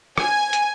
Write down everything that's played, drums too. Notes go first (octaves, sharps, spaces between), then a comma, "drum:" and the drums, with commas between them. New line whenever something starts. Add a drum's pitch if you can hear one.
G#5, drum: rim click
drum: hi-hat